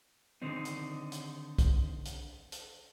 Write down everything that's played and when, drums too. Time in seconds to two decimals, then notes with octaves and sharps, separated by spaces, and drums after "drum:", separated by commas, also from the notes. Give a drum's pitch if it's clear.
0.42 D3 D#3 C4 D#4
0.65 drum: hi-hat
1.12 drum: hi-hat
1.58 drum: kick B1, hi-hat
2.05 drum: hi-hat
2.52 drum: hi-hat